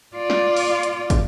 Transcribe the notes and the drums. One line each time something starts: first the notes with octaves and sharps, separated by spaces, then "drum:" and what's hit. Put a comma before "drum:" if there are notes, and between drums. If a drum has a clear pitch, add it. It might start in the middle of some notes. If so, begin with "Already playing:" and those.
F4 D5
drum: snare
drum: open hi-hat
drum: hi-hat
drum: kick, hi-hat